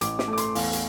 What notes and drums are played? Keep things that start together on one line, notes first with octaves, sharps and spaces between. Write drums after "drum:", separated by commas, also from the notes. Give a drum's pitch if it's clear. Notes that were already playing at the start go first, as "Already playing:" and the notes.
A1 D6, drum: hi-hat
D6, drum: snare
A3
D6
C6, drum: hi-hat
E2 F5, drum: open hi-hat
drum: hi-hat